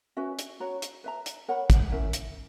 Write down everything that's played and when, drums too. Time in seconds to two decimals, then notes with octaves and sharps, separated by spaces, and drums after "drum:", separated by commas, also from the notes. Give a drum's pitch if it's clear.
0.17 C#4 F#4 B4 E5
0.39 drum: hi-hat
0.60 F#4 C#5 F#5 A#5
0.82 drum: hi-hat
1.04 B4 E5 A#5
1.26 drum: hi-hat
1.48 A#4 C#5 F#5 B5
1.70 drum: kick, hi-hat
1.92 C#4 E4 A#4 E5
2.13 drum: hi-hat